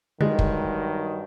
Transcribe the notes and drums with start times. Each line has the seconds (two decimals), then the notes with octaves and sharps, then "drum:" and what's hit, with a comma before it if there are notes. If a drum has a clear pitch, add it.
0.21 G2 D3 D#3 F#3 G#3
0.39 drum: kick